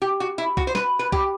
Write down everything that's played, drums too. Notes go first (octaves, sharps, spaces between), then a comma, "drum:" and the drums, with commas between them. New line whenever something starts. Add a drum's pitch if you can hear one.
G4
F#4
E4
F#4, drum: kick
C5
B4, drum: snare
B4
G4, drum: kick